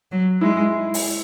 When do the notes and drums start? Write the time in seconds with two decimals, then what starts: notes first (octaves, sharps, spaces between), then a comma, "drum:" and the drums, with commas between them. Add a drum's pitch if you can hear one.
0.12 F#3
0.41 G#3 E4
0.94 drum: open hi-hat